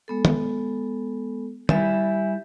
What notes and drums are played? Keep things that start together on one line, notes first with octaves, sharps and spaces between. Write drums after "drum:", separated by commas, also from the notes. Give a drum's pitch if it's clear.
G#3 B3 A4
drum: tom
G3 E4 E5 G#5, drum: tom